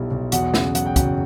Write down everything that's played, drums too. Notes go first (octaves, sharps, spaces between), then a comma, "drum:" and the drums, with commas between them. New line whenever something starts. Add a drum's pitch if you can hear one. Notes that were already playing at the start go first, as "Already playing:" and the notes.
Already playing: B1 B2 G3 E4
B1
E2 F#4 F#5, drum: hi-hat
C#3, drum: snare
F#3 F#5, drum: hi-hat
G5
F#1 F#4 F#5, drum: kick, hi-hat